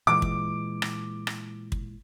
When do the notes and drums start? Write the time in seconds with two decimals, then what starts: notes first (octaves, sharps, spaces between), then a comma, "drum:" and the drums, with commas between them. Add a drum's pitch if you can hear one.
0.07 A#2 E3 G#3 D6
0.22 drum: kick
0.82 drum: rim click
1.27 drum: rim click
1.72 drum: kick